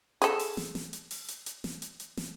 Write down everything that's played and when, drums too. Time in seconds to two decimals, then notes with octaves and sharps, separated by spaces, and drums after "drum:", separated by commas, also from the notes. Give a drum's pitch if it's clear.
0.22 G#4 A4, drum: hi-hat
0.39 drum: open hi-hat
0.57 drum: snare
0.75 drum: snare
0.93 drum: hi-hat
1.11 drum: open hi-hat
1.28 drum: hi-hat
1.46 drum: hi-hat
1.64 drum: snare
1.82 drum: hi-hat
2.00 drum: hi-hat
2.17 drum: snare